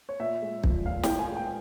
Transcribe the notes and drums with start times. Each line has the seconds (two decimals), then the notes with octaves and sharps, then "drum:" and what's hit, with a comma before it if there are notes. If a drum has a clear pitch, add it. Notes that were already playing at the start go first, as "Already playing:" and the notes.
0.09 C#5
0.20 A#2 E5
0.42 G#3
0.64 F3, drum: kick
0.86 A#2 F5
1.03 A#2 G5, drum: snare
1.19 G#5
1.31 G#3
1.37 G5